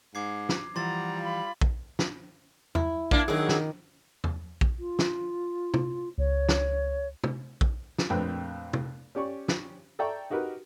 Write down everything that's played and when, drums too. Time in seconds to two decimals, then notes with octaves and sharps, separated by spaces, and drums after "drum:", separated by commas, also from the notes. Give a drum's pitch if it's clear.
0.15 G#2 D6 G#6 C7
0.49 drum: snare
0.76 E3 F3 G3 F#5 A#5 C6 A6
1.19 F4 B5
1.61 drum: kick A#1
1.99 drum: snare
2.75 E4, drum: tom E2
3.11 A#3 D4, drum: kick A#1
3.28 D#3 F#3 G#4 D6
3.49 drum: snare
4.24 drum: tom E2
4.61 drum: kick A#1
4.79 F4
4.99 drum: snare
5.74 drum: tom
6.18 C#2 C#5
6.49 drum: snare
7.24 drum: tom
7.61 drum: kick A#1
7.98 drum: snare
8.10 A#1 F2 A3 C4 B4 G5
8.73 drum: tom
9.15 C#4 G4 D5 C#6
9.48 drum: snare
9.99 A4 D5 E5 G5 A#5 C#6
10.30 D#4 F#4 G4 A#4 B4